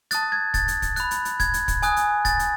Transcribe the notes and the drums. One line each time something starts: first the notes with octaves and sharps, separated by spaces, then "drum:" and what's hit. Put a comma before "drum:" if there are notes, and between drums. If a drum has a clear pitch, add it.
A5 D#6 F#6 A6, drum: hi-hat
G#6
A6, drum: kick, hi-hat
drum: hi-hat
drum: kick, hi-hat
B5 F#6, drum: hi-hat
drum: hi-hat
drum: hi-hat
G#6, drum: kick, hi-hat
drum: hi-hat
drum: kick, hi-hat
G#5 D#6 F#6, drum: hi-hat
drum: hi-hat
A6, drum: kick, hi-hat
drum: hi-hat